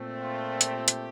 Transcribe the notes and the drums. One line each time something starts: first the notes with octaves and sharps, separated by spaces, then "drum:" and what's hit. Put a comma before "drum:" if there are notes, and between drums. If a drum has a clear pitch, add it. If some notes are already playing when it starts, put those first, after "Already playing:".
Already playing: A#2 A3 C4
F4
G4, drum: hi-hat
drum: hi-hat